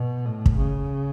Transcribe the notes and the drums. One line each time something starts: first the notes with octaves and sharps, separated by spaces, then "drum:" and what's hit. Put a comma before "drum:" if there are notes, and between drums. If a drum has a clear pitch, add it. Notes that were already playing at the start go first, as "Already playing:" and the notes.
Already playing: B2
A2
drum: kick
C#3